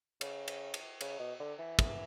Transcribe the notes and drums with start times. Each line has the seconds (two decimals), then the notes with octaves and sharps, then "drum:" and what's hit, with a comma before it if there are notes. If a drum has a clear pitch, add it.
0.21 C#3, drum: cymbal
0.48 drum: cymbal
0.74 drum: cymbal
1.01 C#3, drum: cymbal
1.19 B2
1.40 D3
1.59 E3
1.79 drum: kick, cymbal